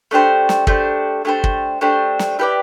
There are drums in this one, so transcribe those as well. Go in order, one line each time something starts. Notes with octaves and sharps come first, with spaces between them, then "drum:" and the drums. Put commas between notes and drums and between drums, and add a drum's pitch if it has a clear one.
A3 D4 G4 C5
drum: snare
A3 D4 G4 C5, drum: kick
A3 D4 G4 C5
drum: kick
A3 D4 G4 C5
drum: snare
E4 G4 B4 D5